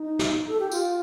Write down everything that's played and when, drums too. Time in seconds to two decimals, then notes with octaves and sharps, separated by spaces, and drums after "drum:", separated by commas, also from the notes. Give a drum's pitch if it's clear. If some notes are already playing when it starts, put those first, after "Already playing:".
Already playing: D#4
0.19 drum: snare
0.48 A4
0.60 G4
0.71 F4, drum: tambourine